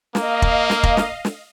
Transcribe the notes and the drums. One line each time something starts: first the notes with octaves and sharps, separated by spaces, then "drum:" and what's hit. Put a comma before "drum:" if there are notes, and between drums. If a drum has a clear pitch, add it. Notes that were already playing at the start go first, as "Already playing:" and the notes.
A#3 D#5 F5, drum: snare
drum: kick
drum: snare
drum: kick
drum: snare
drum: snare